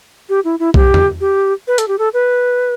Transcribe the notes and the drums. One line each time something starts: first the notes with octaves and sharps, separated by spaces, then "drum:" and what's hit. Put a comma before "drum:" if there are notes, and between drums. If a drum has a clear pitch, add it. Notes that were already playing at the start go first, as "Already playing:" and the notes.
G4
E4
E4
G4, drum: kick B1
drum: tom
G4
B4
A4, drum: hi-hat
G4
A4
B4